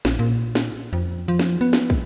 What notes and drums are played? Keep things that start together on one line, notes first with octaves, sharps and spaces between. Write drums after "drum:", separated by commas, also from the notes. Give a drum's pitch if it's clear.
A#1, drum: snare
A#2
drum: snare
F2
F3
drum: snare
B3
drum: snare
drum: kick